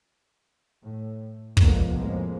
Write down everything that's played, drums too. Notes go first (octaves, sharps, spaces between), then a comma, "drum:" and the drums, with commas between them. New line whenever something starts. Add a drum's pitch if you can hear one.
A2
F1 C#2 D3 G#3 A#3 B3, drum: kick
F2 A2 F3 G#3 A#3